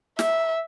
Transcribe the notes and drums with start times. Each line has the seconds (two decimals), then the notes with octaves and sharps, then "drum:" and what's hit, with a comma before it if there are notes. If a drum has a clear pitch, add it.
0.19 E5, drum: snare